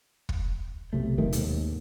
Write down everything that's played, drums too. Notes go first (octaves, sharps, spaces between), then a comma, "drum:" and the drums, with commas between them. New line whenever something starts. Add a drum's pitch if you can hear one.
drum: kick
B1 C3 A3
F1 C3 D#3 A3
D#2 G#2, drum: hi-hat